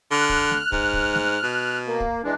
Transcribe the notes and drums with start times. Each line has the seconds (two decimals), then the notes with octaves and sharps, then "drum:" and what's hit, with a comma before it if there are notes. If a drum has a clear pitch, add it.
0.12 D3 F6 F#6
0.29 drum: kick
0.51 drum: snare A3
0.72 G#2, drum: kick
0.93 drum: kick
1.15 drum: snare A3
1.43 B2
1.87 A#3
2.00 drum: kick
2.24 E3 G#3 D4